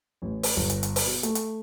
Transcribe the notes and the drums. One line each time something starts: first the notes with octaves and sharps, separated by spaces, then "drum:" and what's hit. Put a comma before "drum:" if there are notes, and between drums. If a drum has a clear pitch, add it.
A1
drum: open hi-hat
G1
drum: hi-hat
drum: hi-hat
drum: open hi-hat
B2
A3, drum: hi-hat
drum: hi-hat